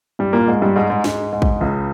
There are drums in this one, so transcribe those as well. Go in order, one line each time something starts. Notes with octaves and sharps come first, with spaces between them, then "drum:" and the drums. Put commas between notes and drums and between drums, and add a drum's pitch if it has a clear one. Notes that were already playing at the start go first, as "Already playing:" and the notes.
G2 G3
A#2 A#3
G#2 G#3
G2 G3
G#2 G#3
G#2 G#3
G#2 G#3, drum: snare
G#2 G#3
drum: kick
C#2 C#3